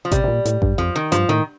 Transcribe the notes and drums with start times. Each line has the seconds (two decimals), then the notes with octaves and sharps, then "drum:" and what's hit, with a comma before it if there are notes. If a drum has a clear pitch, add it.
0.05 F3
0.11 C3 G3, drum: kick A1, hi-hat
0.24 C3
0.28 A#2
0.45 A2, drum: hi-hat
0.62 G2, drum: kick A1
0.78 F2 F3
0.96 D#3
1.12 G2 F3, drum: hi-hat
1.29 A2 D#3